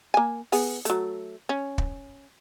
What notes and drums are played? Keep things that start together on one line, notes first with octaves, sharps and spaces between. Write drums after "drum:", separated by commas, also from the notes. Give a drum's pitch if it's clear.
A#3 G#5
B3 G#4, drum: open hi-hat
F#3 A3, drum: hi-hat
C#4
drum: kick